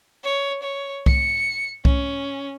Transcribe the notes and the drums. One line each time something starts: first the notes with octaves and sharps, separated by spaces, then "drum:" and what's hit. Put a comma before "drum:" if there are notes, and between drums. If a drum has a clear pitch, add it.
C#5
C#5
C#7, drum: kick C2
C#4, drum: kick C2